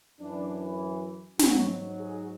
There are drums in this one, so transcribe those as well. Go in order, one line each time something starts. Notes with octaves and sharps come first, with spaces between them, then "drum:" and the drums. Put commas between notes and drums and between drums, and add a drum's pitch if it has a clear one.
F#2 E3 D4
G#2 F#3 F#4, drum: snare
G#4